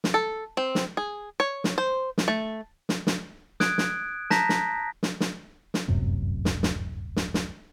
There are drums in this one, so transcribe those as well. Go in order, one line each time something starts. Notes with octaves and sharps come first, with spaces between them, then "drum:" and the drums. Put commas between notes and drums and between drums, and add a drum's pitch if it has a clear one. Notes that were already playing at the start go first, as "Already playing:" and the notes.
drum: snare
A4
C4
drum: snare
G#4
C#5
drum: snare
C5
drum: snare
A3
drum: snare
drum: snare
D#6 F#6 G#6 D7, drum: snare
drum: snare
A5 A#5 G6 A#6 B6, drum: snare
drum: snare
drum: snare
drum: snare
drum: snare
D1 G1 F#2 C3
drum: snare
drum: snare
drum: snare
drum: snare